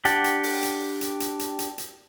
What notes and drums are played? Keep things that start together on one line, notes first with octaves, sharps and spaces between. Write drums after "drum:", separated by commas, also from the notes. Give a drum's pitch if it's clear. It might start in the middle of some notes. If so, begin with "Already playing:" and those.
D4 G4 F#5 A5, drum: hi-hat
drum: hi-hat
drum: open hi-hat
drum: hi-hat
drum: hi-hat
drum: hi-hat
drum: hi-hat
drum: hi-hat
drum: hi-hat